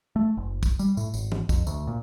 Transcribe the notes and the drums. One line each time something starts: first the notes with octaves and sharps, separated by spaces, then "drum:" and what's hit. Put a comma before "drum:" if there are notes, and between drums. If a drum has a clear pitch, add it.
A3
F#1
drum: kick, tambourine
G3, drum: tambourine
A2, drum: tambourine
G#1, drum: tambourine
drum: tom E3
F2, drum: kick, tambourine
D2, drum: tambourine
A#2